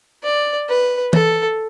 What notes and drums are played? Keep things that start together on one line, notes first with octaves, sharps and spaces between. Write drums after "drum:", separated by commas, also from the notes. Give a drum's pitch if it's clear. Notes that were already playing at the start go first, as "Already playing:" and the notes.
D5
B4
A4, drum: tom